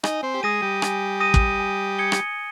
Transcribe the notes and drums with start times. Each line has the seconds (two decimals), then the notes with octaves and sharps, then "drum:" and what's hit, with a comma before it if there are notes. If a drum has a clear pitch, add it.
0.04 D#4 D#5 G#5, drum: rim click
0.23 C4 C5
0.34 G4
0.43 G#3 G#4 D#6 A#6 D#7
0.62 G3 G4
0.82 G#5, drum: rim click
1.20 D#6 A#6 D#7
1.34 drum: kick
1.60 G#5
1.99 D#6 G#6 C#7 G7
2.12 drum: rim click